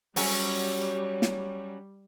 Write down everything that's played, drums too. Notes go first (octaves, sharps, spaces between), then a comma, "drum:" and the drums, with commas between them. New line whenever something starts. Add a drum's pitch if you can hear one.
F#3 G3 C#4, drum: open hi-hat
drum: snare